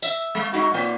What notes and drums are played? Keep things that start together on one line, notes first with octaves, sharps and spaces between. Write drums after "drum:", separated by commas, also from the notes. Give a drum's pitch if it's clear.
E5, drum: tambourine
G#3
G#3 D#4 F#4
A#2 A#3